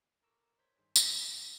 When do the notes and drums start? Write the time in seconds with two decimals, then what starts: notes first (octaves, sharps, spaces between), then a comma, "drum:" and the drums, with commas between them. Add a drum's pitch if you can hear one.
0.22 A4 A#4 A#5 C#6 D6 E6
0.58 C5 C#5 D#5 G6 G#6 B6
0.78 G2 D#3 G#4 C5
0.96 C#2, drum: tambourine
1.18 C2 E6
1.33 F#3 F#4 A4 C5